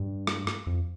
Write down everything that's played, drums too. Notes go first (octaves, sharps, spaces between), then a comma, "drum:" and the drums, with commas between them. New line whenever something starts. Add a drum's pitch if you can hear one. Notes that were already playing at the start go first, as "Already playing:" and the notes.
Already playing: G2
drum: rim click
drum: rim click
F2